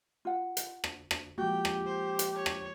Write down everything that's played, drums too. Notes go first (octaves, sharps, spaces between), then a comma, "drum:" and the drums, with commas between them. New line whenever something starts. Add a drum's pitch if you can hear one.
F4 F#5
drum: hi-hat
drum: rim click
drum: rim click
F3 G#3 A#3 F#4 G4 G5
drum: rim click
C5
drum: hi-hat
C#5
drum: rim click